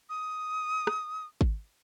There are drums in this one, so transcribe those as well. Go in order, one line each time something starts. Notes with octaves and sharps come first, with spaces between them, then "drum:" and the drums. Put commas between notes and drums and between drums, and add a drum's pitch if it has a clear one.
D#6
drum: rim click
drum: kick G#1